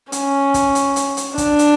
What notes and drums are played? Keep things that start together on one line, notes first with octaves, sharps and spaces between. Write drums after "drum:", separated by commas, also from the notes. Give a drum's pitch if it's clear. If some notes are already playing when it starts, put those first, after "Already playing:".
C#4, drum: hi-hat
drum: kick, hi-hat
drum: hi-hat
drum: hi-hat
drum: hi-hat
D4, drum: kick, hi-hat
drum: hi-hat